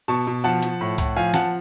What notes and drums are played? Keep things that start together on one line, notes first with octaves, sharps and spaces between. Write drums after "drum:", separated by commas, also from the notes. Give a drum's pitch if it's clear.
B2 A5 C#6
B2
F3 F#5 A5
F3, drum: hi-hat
A2
A2, drum: kick C2, hi-hat
F3 F5 G#5
F3 F#5 A5, drum: snare